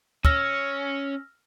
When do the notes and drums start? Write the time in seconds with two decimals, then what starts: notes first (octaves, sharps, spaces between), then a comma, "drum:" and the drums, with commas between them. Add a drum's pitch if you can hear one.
0.25 C#4 E6 F6 A#6, drum: kick